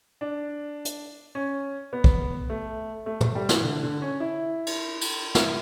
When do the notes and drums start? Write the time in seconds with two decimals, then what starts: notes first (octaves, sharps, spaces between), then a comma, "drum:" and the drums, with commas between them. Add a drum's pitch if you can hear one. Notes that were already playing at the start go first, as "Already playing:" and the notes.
0.21 D4
0.85 drum: hi-hat
1.35 C#4
1.93 B3
2.04 drum: kick
2.50 A3
3.06 A3
3.21 A3, drum: tom
3.35 G3
3.49 E3, drum: snare
3.63 D3
3.83 D3
4.02 C#4
4.20 E4
4.67 drum: cymbal
5.01 drum: cymbal
5.35 E4, drum: snare